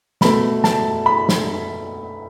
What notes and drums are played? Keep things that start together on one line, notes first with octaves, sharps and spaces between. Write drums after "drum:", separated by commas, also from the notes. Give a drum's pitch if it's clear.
B2 A3 B5, drum: snare
A5, drum: snare
B5
drum: snare